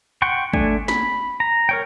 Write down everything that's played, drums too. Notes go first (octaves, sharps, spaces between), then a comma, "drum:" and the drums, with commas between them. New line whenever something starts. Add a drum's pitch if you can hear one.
F#5 G5 C6 C#6
A3 D4 G#5, drum: kick
B5, drum: snare
A#5
A#4 C#5 G5